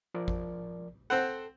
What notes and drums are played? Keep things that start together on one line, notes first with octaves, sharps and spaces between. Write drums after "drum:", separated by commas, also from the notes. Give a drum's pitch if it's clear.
F3 A#4 D5
drum: kick G#1
C4 A4 C5 F#5